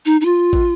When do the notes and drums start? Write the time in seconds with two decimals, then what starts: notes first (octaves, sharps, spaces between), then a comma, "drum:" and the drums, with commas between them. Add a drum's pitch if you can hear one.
0.06 D#4
0.21 D#4
0.25 F4
0.53 drum: kick